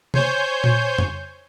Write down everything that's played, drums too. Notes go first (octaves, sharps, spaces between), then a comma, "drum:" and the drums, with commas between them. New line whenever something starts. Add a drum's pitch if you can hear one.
C5 C#5 G#5 G6, drum: tom C3
drum: tom A#2
drum: tom F2